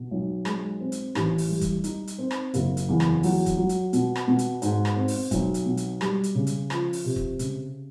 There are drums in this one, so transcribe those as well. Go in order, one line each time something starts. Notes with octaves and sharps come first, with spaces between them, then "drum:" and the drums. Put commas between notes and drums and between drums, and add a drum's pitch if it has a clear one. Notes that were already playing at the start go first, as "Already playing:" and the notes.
Already playing: B2
B1
G#3, drum: rim click
C4
drum: hi-hat
A1, drum: rim click
drum: open hi-hat
G3
drum: kick, hi-hat
D#4, drum: hi-hat
drum: hi-hat
C4
drum: rim click
F#1, drum: hi-hat
drum: hi-hat
E2
drum: rim click
F#3, drum: open hi-hat
drum: kick, hi-hat
F#3
drum: hi-hat
B2, drum: hi-hat
drum: rim click
B2
drum: hi-hat
G#2, drum: hi-hat
drum: rim click
C4
drum: open hi-hat
B1, drum: kick, hi-hat
drum: hi-hat
B2
drum: hi-hat
G3, drum: rim click
drum: hi-hat
C#3
drum: hi-hat
F3, drum: rim click
drum: open hi-hat
C3
drum: kick
C#3, drum: hi-hat